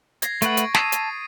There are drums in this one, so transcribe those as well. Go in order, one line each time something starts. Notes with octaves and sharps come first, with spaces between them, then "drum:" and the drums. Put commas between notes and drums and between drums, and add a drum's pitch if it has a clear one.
G#6 A#6 C7, drum: hi-hat
A3 B4 F#5 C#6 A6 D7, drum: hi-hat
drum: hi-hat
A5 D#6 E6 C7 D#7, drum: snare
drum: hi-hat